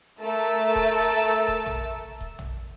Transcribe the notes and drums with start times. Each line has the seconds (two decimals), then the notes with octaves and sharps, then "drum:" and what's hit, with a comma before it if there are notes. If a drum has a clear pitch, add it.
0.21 A3 A#4 E6 A6
0.75 drum: kick D#1
1.48 drum: kick D#1
1.66 drum: tom
2.21 drum: kick D#1
2.39 drum: tom